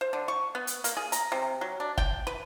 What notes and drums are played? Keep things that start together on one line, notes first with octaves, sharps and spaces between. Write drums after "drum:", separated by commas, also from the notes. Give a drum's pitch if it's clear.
C5
D3
C#6
B3
drum: hi-hat
A#3, drum: hi-hat
G#4
A#5, drum: hi-hat
C3
F#3
D4
G5, drum: kick
B4